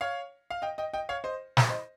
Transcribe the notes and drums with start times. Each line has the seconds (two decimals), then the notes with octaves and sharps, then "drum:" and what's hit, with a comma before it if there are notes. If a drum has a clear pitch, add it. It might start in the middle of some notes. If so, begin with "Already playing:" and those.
0.01 C#5 F5
0.50 F5
0.62 D#5 G5
0.78 D#5 G5
0.93 D#5 G5
1.09 C#5 F5
1.24 C5 D#5
1.57 drum: snare
1.69 C5 D#5